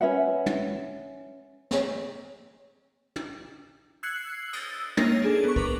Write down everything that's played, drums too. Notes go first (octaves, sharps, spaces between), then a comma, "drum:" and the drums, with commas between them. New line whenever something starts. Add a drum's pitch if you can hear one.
C#4 B4 E5 F#5
drum: tom
drum: snare
drum: tom
E6 F#6 G#6 C7 C#7 F#7
D#6 E6 A6, drum: cymbal
A#3 D#4 A#4 C#5 G#6 C7, drum: tom
D4 G#4 A4
B3 C#6
A#4 B4 C#6 D6, drum: kick